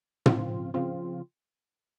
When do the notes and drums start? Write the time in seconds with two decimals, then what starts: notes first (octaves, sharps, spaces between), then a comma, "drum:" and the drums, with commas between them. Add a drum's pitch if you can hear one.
0.26 C#3 F3 C4 F4, drum: tom
0.74 C#3 F3 C4 F4